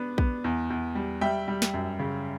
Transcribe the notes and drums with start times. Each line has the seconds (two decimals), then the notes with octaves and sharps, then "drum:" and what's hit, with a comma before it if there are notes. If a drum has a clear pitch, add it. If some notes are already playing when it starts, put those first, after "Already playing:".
Already playing: B3 D4
0.18 B3, drum: kick
0.44 E2
0.70 E2
0.95 G3
1.21 G3 E5 G5
1.48 G3
1.62 drum: snare
1.74 F#2
1.99 C#3